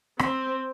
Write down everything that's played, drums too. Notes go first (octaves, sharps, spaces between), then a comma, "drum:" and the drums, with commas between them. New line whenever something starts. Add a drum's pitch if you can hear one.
C4, drum: rim click